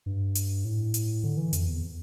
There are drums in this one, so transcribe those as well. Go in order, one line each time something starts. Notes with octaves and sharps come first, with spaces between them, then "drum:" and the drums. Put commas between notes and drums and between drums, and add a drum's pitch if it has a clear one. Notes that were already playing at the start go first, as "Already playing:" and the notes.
G2
drum: hi-hat
A2
drum: hi-hat
D3
E3
F2, drum: hi-hat
E2